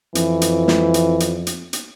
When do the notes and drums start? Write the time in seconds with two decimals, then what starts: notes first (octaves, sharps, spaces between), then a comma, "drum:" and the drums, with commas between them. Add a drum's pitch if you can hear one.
0.15 F2 E3, drum: hi-hat
0.42 drum: hi-hat
0.68 drum: snare
0.94 drum: hi-hat
1.20 drum: hi-hat
1.47 drum: hi-hat
1.73 drum: hi-hat